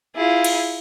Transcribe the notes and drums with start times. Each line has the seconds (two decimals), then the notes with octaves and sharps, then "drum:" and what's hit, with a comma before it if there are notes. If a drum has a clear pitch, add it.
0.16 E4 F4 G#4
0.44 drum: cymbal